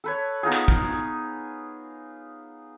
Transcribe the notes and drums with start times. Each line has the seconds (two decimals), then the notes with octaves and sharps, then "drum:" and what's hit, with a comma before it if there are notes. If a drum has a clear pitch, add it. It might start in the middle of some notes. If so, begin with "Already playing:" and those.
0.04 A4 B4 C#5
0.43 B3 D#4 F4 G#4
0.53 drum: clap
0.68 drum: kick